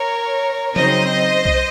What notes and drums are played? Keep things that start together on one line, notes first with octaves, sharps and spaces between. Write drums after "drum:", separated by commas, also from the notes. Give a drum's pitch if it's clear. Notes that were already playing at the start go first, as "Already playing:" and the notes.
Already playing: A#4 C#5
C#3 F#3 C4 D#4 C5 D#5, drum: tom F3
drum: kick B1